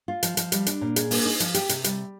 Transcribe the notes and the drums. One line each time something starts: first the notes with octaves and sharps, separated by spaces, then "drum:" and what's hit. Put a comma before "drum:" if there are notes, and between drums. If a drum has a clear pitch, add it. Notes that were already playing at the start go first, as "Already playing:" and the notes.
F4
F3, drum: hi-hat
F3, drum: hi-hat
G3, drum: hi-hat
D4, drum: hi-hat
A#2
G#4, drum: hi-hat
A#3, drum: open hi-hat
D#4
F3, drum: hi-hat
G4, drum: hi-hat
C3, drum: hi-hat
G3, drum: hi-hat